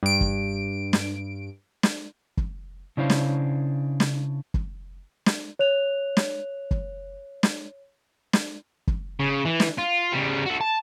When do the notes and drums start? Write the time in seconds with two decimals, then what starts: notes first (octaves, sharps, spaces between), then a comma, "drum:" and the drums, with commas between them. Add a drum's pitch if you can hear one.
0.03 G2 D7
0.21 drum: kick
0.93 drum: snare
1.83 drum: snare
2.37 drum: kick
2.97 C#3 D4 E4 C5 C#5 F5
3.10 drum: snare
4.00 drum: snare
4.54 drum: kick
5.26 drum: snare
5.59 C#5 F#6 F7
6.17 drum: snare
6.71 drum: kick
7.43 drum: snare
8.33 drum: snare
8.87 drum: kick
9.20 C#3
9.45 E3
9.60 drum: snare
9.78 F4
10.13 C#3 G3
10.46 F#4 A4
10.61 A5